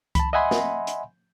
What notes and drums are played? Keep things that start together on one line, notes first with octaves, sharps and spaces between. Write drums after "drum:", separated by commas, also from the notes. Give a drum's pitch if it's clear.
A5 B5, drum: kick C#2, hi-hat
D#5 E5 F#5 G#5 B5 C6
drum: snare
drum: hi-hat